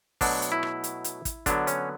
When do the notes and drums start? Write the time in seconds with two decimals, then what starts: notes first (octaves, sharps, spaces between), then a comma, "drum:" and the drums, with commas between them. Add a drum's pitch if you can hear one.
0.21 B2 F#3 A3 D4, drum: kick, open hi-hat
0.42 drum: hi-hat
0.52 E4
0.63 drum: rim click
0.84 drum: hi-hat
1.04 drum: hi-hat
1.25 drum: kick, hi-hat
1.46 D3 F#3 B3 D4, drum: kick, hi-hat
1.67 C#4, drum: hi-hat